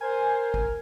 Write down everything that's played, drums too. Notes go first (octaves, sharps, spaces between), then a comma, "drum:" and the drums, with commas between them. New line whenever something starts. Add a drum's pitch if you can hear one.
A#4 C5 G#5
drum: kick